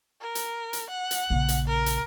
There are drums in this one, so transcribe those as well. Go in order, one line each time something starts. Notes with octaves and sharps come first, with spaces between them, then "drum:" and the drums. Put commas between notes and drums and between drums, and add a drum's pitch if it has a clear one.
A#4
drum: hi-hat
drum: hi-hat
F#5
drum: hi-hat
A#1 C#3
drum: hi-hat
A#4
drum: hi-hat